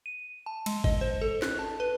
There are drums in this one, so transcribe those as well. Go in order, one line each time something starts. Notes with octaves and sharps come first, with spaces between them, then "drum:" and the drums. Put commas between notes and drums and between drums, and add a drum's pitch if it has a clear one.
D#7
A5
G#3, drum: cymbal
D#5, drum: kick
C5
A4
F#6, drum: snare
A5
B4